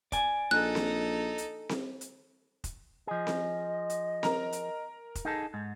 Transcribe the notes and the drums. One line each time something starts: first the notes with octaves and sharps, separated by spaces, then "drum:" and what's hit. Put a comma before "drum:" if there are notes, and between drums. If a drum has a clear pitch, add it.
D5 G#5, drum: kick F1, hi-hat
A#1 D#4 A4 F#6
drum: snare C4
drum: hi-hat
drum: snare C4
drum: hi-hat
drum: kick F1, hi-hat
F3 G#4 D#5
drum: snare C4
drum: hi-hat
A#4 A#5, drum: snare C4
drum: hi-hat
drum: kick F1, hi-hat
D#4 G#4 A4
G#2